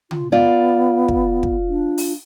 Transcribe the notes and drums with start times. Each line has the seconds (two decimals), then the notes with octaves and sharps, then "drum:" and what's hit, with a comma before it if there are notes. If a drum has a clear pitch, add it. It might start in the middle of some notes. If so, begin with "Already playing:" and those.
0.11 F4, drum: tom C#3
0.32 B3 F4 D5
1.08 drum: kick
1.43 drum: kick
1.68 D4
1.98 drum: open hi-hat